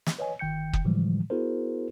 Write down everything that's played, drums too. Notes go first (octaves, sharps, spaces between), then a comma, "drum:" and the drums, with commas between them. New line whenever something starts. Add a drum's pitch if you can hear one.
drum: snare
B4 C#5 D#5 G#5
G1 D#3 G5 G6 C#7
drum: kick
A2 D3 E3 F3 G3 G#3
B3 E4 F#4 G#4 A#4 C5